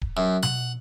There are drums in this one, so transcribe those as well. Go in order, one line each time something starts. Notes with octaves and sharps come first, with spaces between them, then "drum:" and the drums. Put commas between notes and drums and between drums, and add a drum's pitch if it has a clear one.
drum: kick D1
F#2
F#5, drum: tom B2